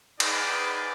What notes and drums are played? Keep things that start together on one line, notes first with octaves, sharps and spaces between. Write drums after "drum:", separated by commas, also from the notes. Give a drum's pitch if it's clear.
D#4 G#4 B4 D5, drum: cymbal